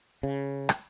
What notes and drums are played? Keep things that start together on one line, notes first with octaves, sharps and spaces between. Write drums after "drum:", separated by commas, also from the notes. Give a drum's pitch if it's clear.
C#3
drum: rim click